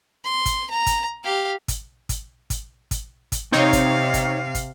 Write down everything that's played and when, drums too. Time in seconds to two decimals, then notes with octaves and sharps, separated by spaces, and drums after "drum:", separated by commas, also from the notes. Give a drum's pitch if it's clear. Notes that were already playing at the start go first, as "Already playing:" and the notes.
0.25 C6
0.46 drum: kick, hi-hat
0.70 A#5
0.86 drum: kick, hi-hat
1.24 G4 F5
1.68 drum: kick, hi-hat
2.09 drum: kick, hi-hat
2.50 drum: kick, hi-hat
2.91 drum: kick, hi-hat
3.32 drum: kick, hi-hat
3.52 C3 C4 D#4 C#5 F5
3.73 drum: kick, hi-hat
4.14 drum: kick, hi-hat
4.55 drum: kick, hi-hat